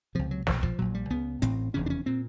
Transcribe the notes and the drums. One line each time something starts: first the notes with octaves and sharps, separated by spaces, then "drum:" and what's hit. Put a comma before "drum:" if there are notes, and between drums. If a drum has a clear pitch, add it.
C#2 C3 F3
F#3
B1 A#2 F3, drum: snare
F3, drum: kick
A#1 A#2 F#3
G3
C#2 C#3 B3
A1 A2 C4, drum: hi-hat
F1 E2 C#3 C#4
D4
C#4
A#2 C4